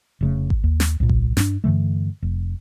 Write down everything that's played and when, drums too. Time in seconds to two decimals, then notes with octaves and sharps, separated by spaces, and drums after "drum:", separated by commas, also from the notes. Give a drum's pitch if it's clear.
0.21 F1 C#3 A3
0.50 drum: kick G#1
0.64 D#2
0.80 drum: snare
1.00 C2 A#2
1.09 drum: kick G#1
1.37 G2 D4, drum: snare
1.64 G2 D3 E3 A3
2.22 F1